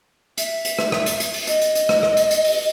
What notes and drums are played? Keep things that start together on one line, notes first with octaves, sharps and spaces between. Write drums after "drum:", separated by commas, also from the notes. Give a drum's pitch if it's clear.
E5, drum: hi-hat
drum: hi-hat
drum: rim click
drum: rim click
drum: hi-hat
drum: hi-hat
drum: open hi-hat
D#5, drum: hi-hat
drum: hi-hat
drum: hi-hat
drum: rim click
drum: rim click
drum: hi-hat
drum: hi-hat
drum: open hi-hat